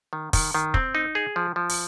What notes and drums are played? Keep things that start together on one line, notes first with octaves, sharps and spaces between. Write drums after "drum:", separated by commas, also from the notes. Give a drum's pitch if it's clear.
D#3
D#3, drum: kick, open hi-hat
D#3
C4, drum: kick
D#4
G#4
F3
F3
drum: open hi-hat